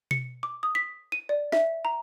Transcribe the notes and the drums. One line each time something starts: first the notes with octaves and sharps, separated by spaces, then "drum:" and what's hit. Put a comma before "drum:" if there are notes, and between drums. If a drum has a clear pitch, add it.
C#7, drum: tom B2
D6
D#6
B6
D#7
D5
E5, drum: snare
A#5